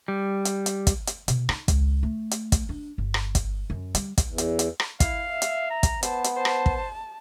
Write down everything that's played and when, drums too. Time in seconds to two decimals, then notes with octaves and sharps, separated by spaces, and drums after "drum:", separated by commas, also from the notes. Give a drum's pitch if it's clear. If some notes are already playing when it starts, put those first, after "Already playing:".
0.08 G3
0.45 drum: hi-hat
0.66 drum: hi-hat
0.87 drum: kick, hi-hat
1.07 drum: hi-hat
1.28 B2, drum: hi-hat
1.49 D#4, drum: rim click
1.68 C#2, drum: kick, hi-hat
2.03 A3
2.31 drum: hi-hat
2.52 drum: kick, hi-hat
2.69 D4
2.98 G1
3.14 drum: rim click
3.35 drum: kick, hi-hat
3.70 F#2
3.95 G3, drum: hi-hat
4.18 drum: kick, hi-hat
4.28 E2
4.38 drum: hi-hat
4.59 drum: hi-hat
4.80 drum: rim click
5.00 E4 F5, drum: kick, hi-hat
5.30 E5
5.42 drum: hi-hat
5.70 A#5
5.83 drum: kick, hi-hat
6.03 B3 C5 A5, drum: hi-hat
6.24 drum: hi-hat
6.36 C5 A5
6.45 drum: rim click
6.66 drum: kick